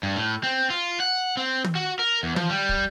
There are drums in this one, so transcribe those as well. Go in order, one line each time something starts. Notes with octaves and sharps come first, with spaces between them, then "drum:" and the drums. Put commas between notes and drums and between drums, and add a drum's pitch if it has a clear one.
G2
A2
C4
F4
F#5
C4
drum: tom
F#4
A#4
E2
F3, drum: tom
G3
drum: kick